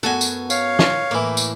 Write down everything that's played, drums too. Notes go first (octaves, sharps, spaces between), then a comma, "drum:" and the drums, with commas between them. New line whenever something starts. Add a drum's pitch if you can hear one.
F#2 B3 F#4 A4 G#5
drum: tambourine
C#5 F5, drum: tambourine
drum: snare
A2 E3 A#3
drum: tambourine